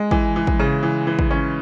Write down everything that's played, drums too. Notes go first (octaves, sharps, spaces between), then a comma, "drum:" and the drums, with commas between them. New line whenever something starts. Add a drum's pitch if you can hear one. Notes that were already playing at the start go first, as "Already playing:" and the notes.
Already playing: G#3
E3, drum: kick
E3
drum: kick
C#3
E3
E3
drum: kick
C#4